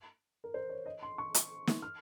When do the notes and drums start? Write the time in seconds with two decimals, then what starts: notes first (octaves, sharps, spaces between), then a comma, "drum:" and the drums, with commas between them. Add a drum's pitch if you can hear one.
0.44 A#4
0.54 C5
0.69 C#5
0.86 D#5
1.03 C6
1.18 C#6
1.34 drum: hi-hat
1.67 drum: snare
1.82 F6